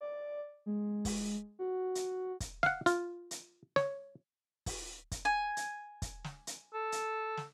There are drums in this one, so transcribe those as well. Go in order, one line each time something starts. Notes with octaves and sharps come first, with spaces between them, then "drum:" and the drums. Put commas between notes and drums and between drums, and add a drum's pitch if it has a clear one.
D5
G#3
drum: kick, open hi-hat
F#4
drum: hi-hat
drum: kick, hi-hat
F5 F#5, drum: snare
F4, drum: hi-hat
drum: hi-hat
C#5, drum: snare
drum: kick, open hi-hat
drum: kick, hi-hat
G#5
drum: hi-hat
drum: kick, hi-hat
drum: snare
drum: hi-hat
A4
drum: hi-hat
drum: snare